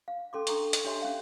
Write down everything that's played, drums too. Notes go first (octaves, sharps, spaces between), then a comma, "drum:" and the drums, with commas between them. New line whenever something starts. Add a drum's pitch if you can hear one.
F5
C#4 A4 C6 D6
D4 A4 A#5 C6 C#6, drum: hi-hat
D#5, drum: hi-hat
D4 G4 C#5 E5 G#5 C6
C#4 F5